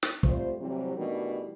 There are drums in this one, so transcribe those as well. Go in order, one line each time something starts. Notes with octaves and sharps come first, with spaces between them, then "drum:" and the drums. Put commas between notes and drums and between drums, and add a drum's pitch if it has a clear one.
drum: snare
G3 A3 C4 F4 C5, drum: kick
A2 C3 E3 F#3 G3 C4
B2 D#3 E3 G3 A3 D4